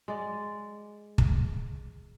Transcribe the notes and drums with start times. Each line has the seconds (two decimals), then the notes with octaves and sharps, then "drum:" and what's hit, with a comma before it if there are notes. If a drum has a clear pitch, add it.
0.08 G#3 D5
1.18 drum: kick